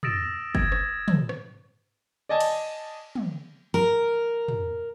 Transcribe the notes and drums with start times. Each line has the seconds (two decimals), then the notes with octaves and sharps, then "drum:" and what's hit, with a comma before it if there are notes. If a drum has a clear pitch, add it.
0.03 D#6 E6 A6 A#6 D7 E7, drum: tom
0.55 G#6 D7, drum: kick
0.72 drum: rim click
1.08 drum: tom
1.29 drum: rim click
2.29 D5 D#5 G#5 A5
2.40 drum: cymbal
3.15 drum: tom
3.74 A#4
4.48 drum: tom